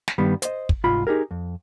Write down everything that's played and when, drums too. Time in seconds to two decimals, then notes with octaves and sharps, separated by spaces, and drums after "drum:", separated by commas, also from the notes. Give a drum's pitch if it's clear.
0.08 drum: snare
0.18 G2 D#3 G3 B3
0.42 C5 D#5, drum: hi-hat
0.69 drum: kick
0.84 C2 G#2 F4 B5
1.07 D#4 G4 G#4 A#4
1.31 F2